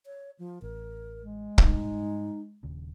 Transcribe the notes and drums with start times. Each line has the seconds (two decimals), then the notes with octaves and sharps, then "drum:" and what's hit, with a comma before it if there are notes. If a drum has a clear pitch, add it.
0.06 C#5
0.39 F3
0.62 A1 A#4
1.22 G#3
1.58 G#2 G3 D#4, drum: kick
2.63 D#1 D#2 C#3